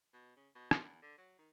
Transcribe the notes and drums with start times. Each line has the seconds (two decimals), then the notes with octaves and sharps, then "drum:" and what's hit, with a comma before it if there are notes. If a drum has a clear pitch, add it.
0.13 B2
0.36 C#3
0.55 B2
0.71 F4, drum: rim click
0.85 E2
1.02 D3
1.18 F#3
1.38 D#3